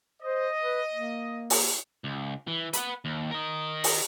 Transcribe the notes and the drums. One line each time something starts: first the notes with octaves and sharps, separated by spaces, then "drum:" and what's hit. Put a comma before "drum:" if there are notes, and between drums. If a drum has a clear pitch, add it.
C5 D#5
B4
A#3
drum: open hi-hat
C#2
E3
B4 F#5, drum: hi-hat
D#2
A#4 D#5
drum: open hi-hat